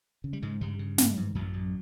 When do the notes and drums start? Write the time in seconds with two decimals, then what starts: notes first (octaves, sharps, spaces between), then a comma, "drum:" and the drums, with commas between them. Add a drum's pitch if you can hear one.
0.24 C#3
0.33 G3
0.42 G#2 C#3 G#3
0.61 G2 C#3 G3
0.79 C#3
0.98 G#2, drum: snare
1.16 G#2
1.35 A1 F#2 F#3
1.54 A1